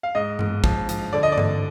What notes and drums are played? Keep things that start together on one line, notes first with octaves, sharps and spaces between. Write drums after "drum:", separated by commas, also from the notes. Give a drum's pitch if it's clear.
F5
G#2 D#5
G#2, drum: tom G2
F3, drum: kick
F3, drum: hi-hat
D3 D5
D#5
D5
D3, drum: tom G2